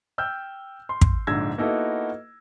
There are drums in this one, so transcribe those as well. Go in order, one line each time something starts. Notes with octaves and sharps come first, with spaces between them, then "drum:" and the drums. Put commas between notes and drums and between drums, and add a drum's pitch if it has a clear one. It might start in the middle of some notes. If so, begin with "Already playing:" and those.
G5 E6 F6 G6
C6
drum: kick
A#1 G#2 D3 E6 G#6 A#6
A#3 B3 D#4 E4 F#4 A4